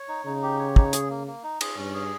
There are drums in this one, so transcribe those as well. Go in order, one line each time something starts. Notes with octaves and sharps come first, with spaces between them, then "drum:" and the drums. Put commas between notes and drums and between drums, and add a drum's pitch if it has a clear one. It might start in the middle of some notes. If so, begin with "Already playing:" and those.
Already playing: C#5
D#4
C#3 D#4
G4
C#5
D#4, drum: kick
G#4, drum: hi-hat
A#3
A#3
D#4
G#4, drum: cymbal
G2 C#4
G#4